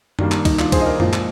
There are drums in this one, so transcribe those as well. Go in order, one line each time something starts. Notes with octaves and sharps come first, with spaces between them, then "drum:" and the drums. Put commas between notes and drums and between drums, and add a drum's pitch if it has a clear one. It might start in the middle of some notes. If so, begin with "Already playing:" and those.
D#3 G3 A#3 D4, drum: tom F#2
D4, drum: clap
D#4, drum: kick C2, cymbal
D4 F4, drum: clap
G#4 C5, drum: kick C2, cymbal
D#5
A#4 D5
A#2 F3 G#3, drum: tom F#2
drum: clap